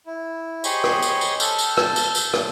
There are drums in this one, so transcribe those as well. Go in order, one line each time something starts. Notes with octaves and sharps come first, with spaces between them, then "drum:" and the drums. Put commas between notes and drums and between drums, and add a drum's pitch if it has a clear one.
E4
G4 G#4 C5 C#5 D#5 B5, drum: tambourine
drum: rim click
drum: tambourine
drum: tambourine
A4 F6 G6, drum: tambourine
drum: tambourine
drum: rim click
drum: tambourine
drum: tambourine
drum: rim click